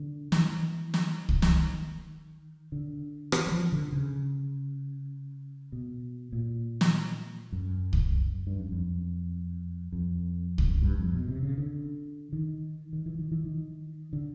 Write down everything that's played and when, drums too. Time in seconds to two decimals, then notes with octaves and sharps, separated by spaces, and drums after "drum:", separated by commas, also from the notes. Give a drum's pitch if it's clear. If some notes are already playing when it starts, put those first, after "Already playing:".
Already playing: D3
0.32 E3, drum: snare
0.94 drum: snare
1.29 drum: kick C2
1.42 drum: snare
1.52 D#3
2.72 D3
3.32 E3, drum: rim click
3.47 F#3
3.52 F3
3.72 D3
3.92 C#3
5.72 B2
6.33 A#2
6.81 drum: snare
7.52 F#2
7.93 drum: kick C2
8.47 G2
8.60 F#2
8.72 F2
9.92 F2
10.58 drum: kick C2
10.68 F#2
10.82 G2
10.98 F2
11.13 B2
11.28 C3
11.43 C#3
11.58 D3
12.33 D#3
12.93 D#3
13.06 E3
13.19 D#3
13.32 E3
13.44 D#3
14.13 D3